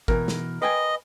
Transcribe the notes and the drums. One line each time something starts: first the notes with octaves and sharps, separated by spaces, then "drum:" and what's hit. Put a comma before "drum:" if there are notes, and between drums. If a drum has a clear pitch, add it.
B2 E3 A#4, drum: kick
drum: snare
B4 D#5 G5 G#5